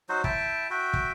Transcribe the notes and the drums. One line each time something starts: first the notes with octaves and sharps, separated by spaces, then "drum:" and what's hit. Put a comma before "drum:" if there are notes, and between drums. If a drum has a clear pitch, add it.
F#3 D#4 F#4 C5
E4 E5 G5 A5, drum: kick
F#4 E5 G5
drum: kick